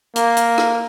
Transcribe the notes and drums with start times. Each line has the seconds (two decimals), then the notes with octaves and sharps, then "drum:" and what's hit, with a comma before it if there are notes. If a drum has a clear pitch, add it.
0.16 A#3, drum: hi-hat
0.37 drum: hi-hat
0.58 drum: rim click